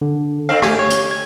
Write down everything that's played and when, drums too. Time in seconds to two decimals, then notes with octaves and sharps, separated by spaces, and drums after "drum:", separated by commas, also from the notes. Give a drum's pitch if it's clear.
0.01 D3
0.49 D3 C4 F5
0.62 A3 G4 G#5, drum: rim click
0.79 C#5
0.90 drum: hi-hat
1.11 G#6